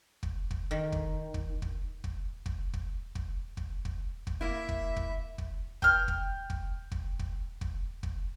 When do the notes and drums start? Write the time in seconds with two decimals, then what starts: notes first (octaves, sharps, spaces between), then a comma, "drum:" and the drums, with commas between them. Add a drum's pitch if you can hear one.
0.23 drum: kick
0.51 drum: kick
0.71 D#3
0.92 drum: kick
1.34 drum: kick
1.62 drum: kick
2.04 drum: kick
2.46 drum: kick
2.74 drum: kick
3.15 drum: kick
3.57 drum: kick
3.85 drum: kick
4.27 drum: kick
4.41 A#3 E4 E5
4.69 drum: kick
4.96 drum: kick
5.38 drum: kick
5.82 G5 F6, drum: kick
6.08 drum: kick
6.50 drum: kick
6.92 drum: kick
7.19 drum: kick
7.61 drum: kick
8.03 drum: kick